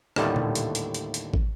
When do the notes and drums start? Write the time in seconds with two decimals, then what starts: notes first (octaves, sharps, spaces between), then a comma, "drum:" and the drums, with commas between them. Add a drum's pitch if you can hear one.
0.16 D#2 A2 D3 G3 A3 B3, drum: rim click
0.36 drum: tom A#2
0.55 drum: hi-hat
0.75 drum: hi-hat
0.94 drum: hi-hat
1.14 drum: hi-hat
1.34 drum: kick